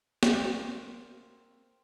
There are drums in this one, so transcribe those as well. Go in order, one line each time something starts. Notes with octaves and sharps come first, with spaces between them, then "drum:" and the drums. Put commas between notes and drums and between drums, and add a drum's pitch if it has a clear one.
A#3 C4, drum: snare